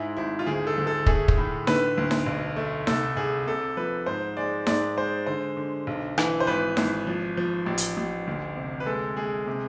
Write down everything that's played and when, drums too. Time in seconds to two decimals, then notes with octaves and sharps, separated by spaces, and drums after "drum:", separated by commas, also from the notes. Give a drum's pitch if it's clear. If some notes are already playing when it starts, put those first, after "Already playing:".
Already playing: G#2 G#3 E4
0.17 G#1 E4
0.39 F4
0.47 D2 G#4
0.67 A4
0.78 D2
0.87 A4
1.06 A3 G#4, drum: kick
1.28 drum: kick
1.37 A2
1.67 D3 B4, drum: snare D#4
1.98 D2
2.11 drum: snare D#4
2.26 B1
2.56 A3
2.87 C2 A4, drum: snare D#4
3.17 C2 G#4
3.46 C3 A4
3.77 F3 B4
4.06 G#2 C5
4.37 G#3 D5
4.67 G#2 D5, drum: snare D#4
4.97 G#3 C5
5.26 D3 C5
5.57 D3
5.87 B1
6.18 E3, drum: rim click
6.40 C5
6.47 G#1 B4
6.77 G#1, drum: snare D#4
7.07 F3
7.37 F3
7.66 A1
7.78 drum: hi-hat
7.97 A1
8.27 D2
8.57 C3
8.80 B4
8.86 G#3 A4
9.16 G#3 G#4
9.47 C3